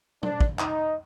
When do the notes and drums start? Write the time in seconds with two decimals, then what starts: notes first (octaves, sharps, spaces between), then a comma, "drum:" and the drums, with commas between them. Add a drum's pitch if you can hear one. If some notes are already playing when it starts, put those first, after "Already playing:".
0.23 D4, drum: tom
0.40 drum: kick
0.59 D#4, drum: clap